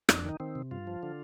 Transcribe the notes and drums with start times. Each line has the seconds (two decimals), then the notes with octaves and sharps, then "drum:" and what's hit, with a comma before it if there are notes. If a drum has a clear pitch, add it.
0.09 F2 D#4, drum: rim click
0.19 D4
0.25 D#3 D#4
0.40 D#3 C4
0.55 C3
0.71 G2 F4
0.87 F3
1.03 D3